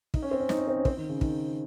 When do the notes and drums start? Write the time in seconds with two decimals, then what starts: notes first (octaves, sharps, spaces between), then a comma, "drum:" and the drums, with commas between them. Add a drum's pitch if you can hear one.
0.14 D#4, drum: kick
0.22 C#4
0.31 C4
0.40 C#4
0.49 D#4, drum: snare
0.58 C#4
0.67 C4
0.76 C#4
0.85 C4, drum: kick
0.97 D#3
1.09 C#3
1.21 D#3, drum: kick